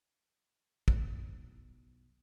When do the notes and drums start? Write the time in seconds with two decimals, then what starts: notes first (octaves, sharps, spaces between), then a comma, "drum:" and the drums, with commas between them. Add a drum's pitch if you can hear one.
0.88 B1 E2, drum: kick